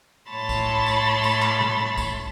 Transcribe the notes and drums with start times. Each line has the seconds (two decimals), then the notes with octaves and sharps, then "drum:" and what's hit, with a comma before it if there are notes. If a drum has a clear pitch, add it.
0.31 A2 C#5 A5 B5 C6 A6
0.49 drum: kick, tambourine
0.86 drum: tambourine
1.23 drum: tambourine
1.42 drum: clap
1.60 drum: tom A#2
1.98 drum: kick, tambourine